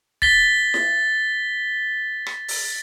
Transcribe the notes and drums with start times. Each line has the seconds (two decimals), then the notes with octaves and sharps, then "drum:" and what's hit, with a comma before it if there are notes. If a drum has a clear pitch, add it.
0.22 A6 B6 G7, drum: kick
0.74 drum: snare E4
2.26 drum: rim click
2.48 drum: open hi-hat